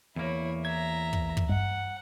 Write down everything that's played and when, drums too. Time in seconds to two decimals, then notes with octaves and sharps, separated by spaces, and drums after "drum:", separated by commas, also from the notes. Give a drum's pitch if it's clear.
0.16 E2 A#3 E4 C#5
0.65 E5 A#5 G#6
1.13 drum: kick
1.37 drum: kick
1.49 G2 F#5